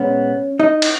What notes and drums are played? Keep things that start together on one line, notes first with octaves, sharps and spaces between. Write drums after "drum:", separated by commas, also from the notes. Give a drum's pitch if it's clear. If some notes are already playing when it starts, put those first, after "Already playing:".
Already playing: A#2 G#3 B3 C#4 C#5
D#4 D#5
drum: cymbal